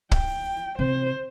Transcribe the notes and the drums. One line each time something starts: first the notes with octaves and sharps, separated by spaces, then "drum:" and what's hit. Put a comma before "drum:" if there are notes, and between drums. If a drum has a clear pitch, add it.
G5, drum: kick
C3 C5